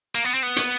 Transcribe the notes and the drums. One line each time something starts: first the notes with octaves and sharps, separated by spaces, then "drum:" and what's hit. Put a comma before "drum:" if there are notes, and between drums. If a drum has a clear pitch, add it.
A#3
B3
C4
B3
drum: hi-hat